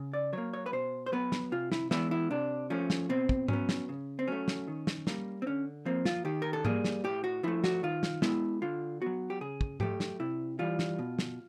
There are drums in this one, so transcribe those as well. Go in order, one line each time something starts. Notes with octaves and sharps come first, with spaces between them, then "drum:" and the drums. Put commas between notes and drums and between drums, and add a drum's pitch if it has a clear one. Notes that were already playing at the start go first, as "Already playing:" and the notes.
Already playing: C#3
D5
F#3 A#3 C#5
C#5
B4
B2 C5
C5
F#3 B3 B4
drum: snare
C3 F4
E4, drum: snare
E3 G#3 B3 E4, drum: snare
E4
C3 D4
F3 A3 C#4
drum: snare
B2 C4
drum: kick
F#3 B3 C#4, drum: tom G#2
drum: snare
C#3
C4
F#3 A3 C#4
drum: snare
D#3
drum: snare
G3 A#3, drum: snare
C4
D3 C#4
F3 A#3 C4
F4, drum: snare
D#3 G4
A#4
A4
G3 A#3 G#4, drum: tom G#2
drum: snare
A2 G4
F#4
F3 A3 E4
F#4, drum: snare
D#3 F4
drum: snare
G#3 B3 E4, drum: snare
D3 F4
F#3 B3 F#4
G4
C#3 G#4
drum: kick
F#3 A3 G4, drum: tom G#2
drum: snare
C3 E4
E3 G3 F4
drum: snare
B2
drum: snare